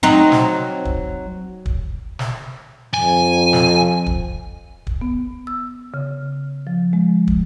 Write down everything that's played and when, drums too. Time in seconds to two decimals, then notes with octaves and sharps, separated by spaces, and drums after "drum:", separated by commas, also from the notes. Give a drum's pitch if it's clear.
0.03 F#3 C4 D#4
0.32 drum: snare
0.85 drum: kick
1.66 drum: kick
2.19 drum: snare
2.93 F2 G#5
3.53 drum: snare
4.06 drum: kick
4.87 drum: kick
5.01 B3
5.47 E6
5.94 C#3
6.67 F3
6.93 G#3
7.27 drum: kick